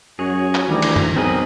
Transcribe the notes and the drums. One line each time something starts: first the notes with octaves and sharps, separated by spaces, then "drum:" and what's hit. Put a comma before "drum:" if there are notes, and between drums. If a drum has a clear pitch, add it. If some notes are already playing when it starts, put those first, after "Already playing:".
F#2 F#4 G#4 C#5
drum: clap
D2 D#3 E3 G3 A#5
drum: cymbal
drum: tom F2
B1 C4 G#4 A#4 D#5 B5